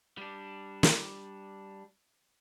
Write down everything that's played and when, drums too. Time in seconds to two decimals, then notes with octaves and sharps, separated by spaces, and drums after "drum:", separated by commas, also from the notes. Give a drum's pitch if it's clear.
0.17 G3 D4
0.83 drum: snare